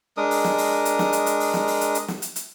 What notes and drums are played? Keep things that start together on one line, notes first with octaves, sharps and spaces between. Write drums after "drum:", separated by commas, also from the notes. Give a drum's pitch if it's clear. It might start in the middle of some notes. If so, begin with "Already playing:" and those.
G#3 D4 A#4 D#6
drum: open hi-hat
drum: snare
drum: open hi-hat
drum: hi-hat
drum: snare
drum: hi-hat
drum: hi-hat
drum: open hi-hat
drum: snare
drum: open hi-hat
drum: hi-hat
drum: hi-hat
drum: snare
drum: hi-hat
drum: hi-hat